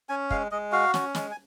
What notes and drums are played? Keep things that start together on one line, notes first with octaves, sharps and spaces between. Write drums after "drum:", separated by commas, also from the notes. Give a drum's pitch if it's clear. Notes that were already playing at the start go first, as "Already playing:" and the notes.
C#4 G#5
G#3 F5, drum: kick
G#3 D#5
F#4 F5
C#4, drum: snare
G#3, drum: snare
G#5